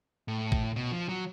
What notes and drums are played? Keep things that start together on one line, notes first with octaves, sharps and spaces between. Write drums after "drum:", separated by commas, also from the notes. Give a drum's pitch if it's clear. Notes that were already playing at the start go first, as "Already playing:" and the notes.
A2
drum: kick
B2
F3
F#3